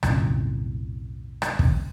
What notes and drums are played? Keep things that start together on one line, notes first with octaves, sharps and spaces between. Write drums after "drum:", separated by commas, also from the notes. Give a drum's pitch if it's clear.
B1 F2 A2 C#3, drum: rim click
drum: rim click
drum: kick